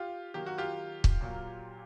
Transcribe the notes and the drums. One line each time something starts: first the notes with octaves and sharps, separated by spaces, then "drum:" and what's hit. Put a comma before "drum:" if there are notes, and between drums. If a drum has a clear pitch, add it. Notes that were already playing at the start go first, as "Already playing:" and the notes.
Already playing: F4 G4
D#3 F#3 A#3 G4
F#4
F4 G4
drum: kick
A#2 F#3 A#3